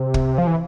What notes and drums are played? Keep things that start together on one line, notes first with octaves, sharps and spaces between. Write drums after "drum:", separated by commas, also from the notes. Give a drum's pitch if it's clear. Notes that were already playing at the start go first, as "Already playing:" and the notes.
Already playing: C3
drum: kick
F3
E3